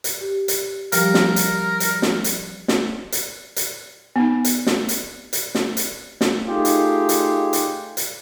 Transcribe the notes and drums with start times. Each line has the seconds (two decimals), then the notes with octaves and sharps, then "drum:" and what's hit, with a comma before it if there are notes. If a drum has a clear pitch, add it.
0.04 drum: hi-hat
0.21 G4
0.48 drum: hi-hat
0.92 F3 G3 G4 A#4, drum: hi-hat
1.14 drum: snare
1.36 drum: hi-hat
1.80 drum: hi-hat
2.02 drum: snare
2.24 drum: hi-hat
2.68 drum: snare
3.12 drum: hi-hat
3.56 drum: hi-hat
4.16 B3 D#4
4.45 drum: hi-hat
4.67 drum: snare
4.89 drum: hi-hat
5.33 drum: hi-hat
5.55 drum: snare
5.77 drum: hi-hat
6.21 drum: snare
6.47 A3 D#4 F4 G4 G#4
6.65 drum: hi-hat
7.09 drum: hi-hat
7.53 drum: hi-hat
7.97 drum: hi-hat